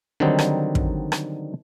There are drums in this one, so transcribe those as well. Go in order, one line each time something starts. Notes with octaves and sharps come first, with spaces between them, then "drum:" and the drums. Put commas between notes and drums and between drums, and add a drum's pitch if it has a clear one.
D3 D#3 F#3 G3 C4 D#4
drum: rim click
drum: kick
drum: rim click